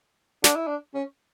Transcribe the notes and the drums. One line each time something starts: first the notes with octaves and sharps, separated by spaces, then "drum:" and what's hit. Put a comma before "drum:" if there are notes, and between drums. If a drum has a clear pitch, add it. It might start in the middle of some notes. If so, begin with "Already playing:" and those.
D4, drum: snare
E4
D4
C#4